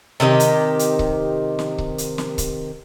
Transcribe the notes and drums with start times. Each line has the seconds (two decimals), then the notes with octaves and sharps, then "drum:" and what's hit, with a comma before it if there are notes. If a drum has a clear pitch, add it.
0.20 C3 D#3 G4 D#5
0.40 drum: hi-hat
0.79 drum: hi-hat
0.99 drum: kick C#1
1.59 drum: snare
1.78 drum: kick C#1
1.98 drum: hi-hat
2.18 drum: snare
2.38 drum: kick C#1, hi-hat